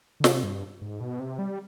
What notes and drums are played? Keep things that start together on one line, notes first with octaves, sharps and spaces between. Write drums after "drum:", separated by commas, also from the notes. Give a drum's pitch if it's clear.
D3
C3, drum: snare
G2
G#2
B2
C3
G3